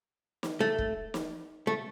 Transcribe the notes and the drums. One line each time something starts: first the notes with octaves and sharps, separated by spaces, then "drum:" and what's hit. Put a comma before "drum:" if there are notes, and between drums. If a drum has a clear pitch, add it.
drum: snare
A3
drum: kick
drum: snare
A3